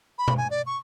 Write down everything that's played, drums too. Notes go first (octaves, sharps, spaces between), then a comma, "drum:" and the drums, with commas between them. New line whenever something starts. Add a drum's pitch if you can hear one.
B5
drum: tom B2
G#5
D5
C#6